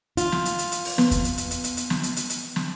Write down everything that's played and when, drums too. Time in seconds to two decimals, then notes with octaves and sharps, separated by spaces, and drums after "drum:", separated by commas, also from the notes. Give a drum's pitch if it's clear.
0.17 F4, drum: hi-hat
0.32 drum: snare
0.45 drum: hi-hat
0.59 drum: hi-hat
0.72 drum: hi-hat
0.85 drum: open hi-hat
0.98 B3, drum: snare
1.11 drum: kick E2, hi-hat
1.24 drum: hi-hat
1.38 drum: hi-hat
1.51 drum: hi-hat
1.64 drum: hi-hat
1.77 drum: hi-hat
1.90 drum: snare
2.03 drum: hi-hat
2.17 drum: hi-hat
2.30 drum: hi-hat
2.56 drum: snare